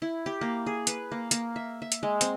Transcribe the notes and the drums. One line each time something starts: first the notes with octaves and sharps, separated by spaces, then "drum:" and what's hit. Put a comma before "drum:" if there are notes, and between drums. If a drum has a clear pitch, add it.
E4
G4
A#3
G#4
B4, drum: hi-hat
A#3
A#3, drum: hi-hat
E5
E5
drum: hi-hat
G#3
C4, drum: hi-hat